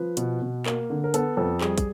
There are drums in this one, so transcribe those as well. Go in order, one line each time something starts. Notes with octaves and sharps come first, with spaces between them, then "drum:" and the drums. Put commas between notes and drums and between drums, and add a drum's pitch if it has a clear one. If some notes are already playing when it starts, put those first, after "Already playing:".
Already playing: F3 B4
B2, drum: hi-hat
B2
A#3, drum: clap
D3
A#4
B3 A4, drum: hi-hat
F2 A4
G3 G#4, drum: clap
drum: kick, hi-hat